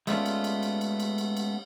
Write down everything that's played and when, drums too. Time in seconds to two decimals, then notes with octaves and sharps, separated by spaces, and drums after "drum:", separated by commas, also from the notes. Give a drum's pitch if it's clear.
0.07 G#3 A3 B3 C#4 D4 F4, drum: cymbal
0.26 drum: cymbal
0.44 drum: cymbal
0.63 drum: cymbal
0.81 drum: cymbal
1.00 drum: cymbal
1.18 drum: cymbal
1.37 drum: cymbal